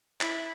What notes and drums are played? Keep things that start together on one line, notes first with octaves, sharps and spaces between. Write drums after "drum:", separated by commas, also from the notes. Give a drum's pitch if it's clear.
E4, drum: clap